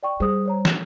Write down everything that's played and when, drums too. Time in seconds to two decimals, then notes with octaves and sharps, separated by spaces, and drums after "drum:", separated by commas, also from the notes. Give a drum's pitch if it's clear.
0.03 D5 G5 C#6
0.20 G3 G#4 C5 D#6
0.45 C5 C#5 A#5
0.65 E7, drum: snare